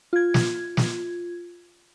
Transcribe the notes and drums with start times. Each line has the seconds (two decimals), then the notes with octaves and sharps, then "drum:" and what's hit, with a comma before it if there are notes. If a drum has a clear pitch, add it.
0.13 F4 G#6
0.34 drum: snare
0.77 drum: snare